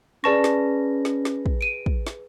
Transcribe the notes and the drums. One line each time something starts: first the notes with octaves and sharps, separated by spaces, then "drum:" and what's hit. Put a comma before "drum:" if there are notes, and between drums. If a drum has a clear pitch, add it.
C#4 G#4 B4 D5 A5 C#6 A#6
drum: snare
drum: snare
drum: snare
drum: kick
D7 D#7
drum: kick
drum: snare